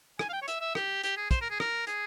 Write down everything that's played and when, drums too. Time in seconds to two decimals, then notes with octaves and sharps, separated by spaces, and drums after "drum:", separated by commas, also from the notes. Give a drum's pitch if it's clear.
0.19 G#5, drum: rim click
0.29 F5
0.33 G5
0.42 C#5
0.48 E5, drum: hi-hat
0.61 E5
0.75 G4, drum: rim click
1.04 G4, drum: hi-hat
1.17 G#4
1.31 C5, drum: kick, hi-hat
1.41 A#4
1.50 G#4
1.60 A#4, drum: rim click
1.87 G#4, drum: hi-hat